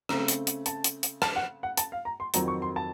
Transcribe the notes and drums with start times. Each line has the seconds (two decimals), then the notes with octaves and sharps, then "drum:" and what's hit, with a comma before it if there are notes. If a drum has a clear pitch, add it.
0.09 C#3 A3 C4 A#5, drum: rim click
0.28 drum: hi-hat
0.47 drum: hi-hat
0.66 A5, drum: hi-hat
0.84 drum: hi-hat
1.03 drum: hi-hat
1.22 A5, drum: rim click
1.36 F#5
1.63 F#5
1.77 A5, drum: hi-hat
1.92 F5
2.05 A#5
2.20 C6
2.34 F2 D#3 F#3 C4 A#5, drum: hi-hat
2.48 C#6
2.62 C6
2.76 A5